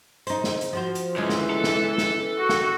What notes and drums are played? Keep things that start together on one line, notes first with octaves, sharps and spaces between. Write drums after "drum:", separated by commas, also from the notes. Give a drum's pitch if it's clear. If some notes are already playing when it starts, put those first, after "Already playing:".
D#4 C5, drum: hi-hat
drum: snare
drum: hi-hat
F3 F#4 C5
drum: hi-hat
D2 E3 G#3 C#4
drum: snare
A4
drum: snare
drum: snare
F#4
drum: snare